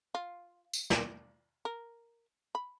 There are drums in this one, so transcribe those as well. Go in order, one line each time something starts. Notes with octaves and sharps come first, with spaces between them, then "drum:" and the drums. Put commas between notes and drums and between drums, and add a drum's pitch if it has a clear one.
F4
drum: tambourine
D5, drum: snare
A#4
B5